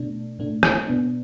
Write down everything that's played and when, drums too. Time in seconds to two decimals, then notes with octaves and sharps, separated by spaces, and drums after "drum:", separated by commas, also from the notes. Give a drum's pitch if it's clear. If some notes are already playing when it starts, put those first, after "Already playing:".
Already playing: B2 A3 D4
0.39 A2 A3 D4
0.63 drum: rim click
0.87 B2 B3 D4